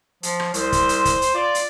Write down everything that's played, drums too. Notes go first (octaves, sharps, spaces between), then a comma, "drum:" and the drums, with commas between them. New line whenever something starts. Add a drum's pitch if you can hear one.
F3, drum: hi-hat
drum: rim click
C2 C5, drum: hi-hat
drum: kick, hi-hat
drum: hi-hat
drum: kick, hi-hat
drum: hi-hat
F4 D5
drum: hi-hat